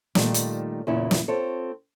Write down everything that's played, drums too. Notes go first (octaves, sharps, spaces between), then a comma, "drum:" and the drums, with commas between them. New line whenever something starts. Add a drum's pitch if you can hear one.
A#2 D#3 G3 A3, drum: snare
drum: hi-hat
E2 A#2 C#3 C#4 E4
drum: snare
C4 F4 A4 C#5